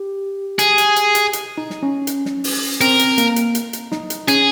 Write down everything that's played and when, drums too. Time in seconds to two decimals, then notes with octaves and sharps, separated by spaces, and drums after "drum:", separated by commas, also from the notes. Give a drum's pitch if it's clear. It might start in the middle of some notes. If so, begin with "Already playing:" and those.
Already playing: G4
0.59 G#4, drum: hi-hat
0.78 drum: hi-hat
0.96 drum: hi-hat
1.15 drum: hi-hat
1.33 drum: hi-hat
1.58 D#4
1.70 drum: snare
1.83 C#4
2.07 drum: hi-hat
2.25 drum: snare
2.44 drum: open hi-hat
2.81 C4 A#4, drum: hi-hat
2.99 drum: hi-hat
3.18 A#3, drum: hi-hat
3.36 drum: hi-hat
3.55 drum: hi-hat
3.73 drum: hi-hat
3.92 D#4, drum: snare
4.10 drum: hi-hat
4.28 C#4 G#4, drum: hi-hat